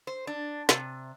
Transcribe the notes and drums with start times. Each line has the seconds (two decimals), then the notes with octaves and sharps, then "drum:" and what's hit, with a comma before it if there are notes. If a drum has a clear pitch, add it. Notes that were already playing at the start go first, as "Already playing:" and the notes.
0.07 C5
0.27 D4
0.69 C3, drum: snare